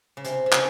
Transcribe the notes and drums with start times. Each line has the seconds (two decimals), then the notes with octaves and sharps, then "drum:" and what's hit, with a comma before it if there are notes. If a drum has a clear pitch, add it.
0.17 C#3
0.24 C3, drum: hi-hat
0.46 C3
0.52 C#3, drum: clap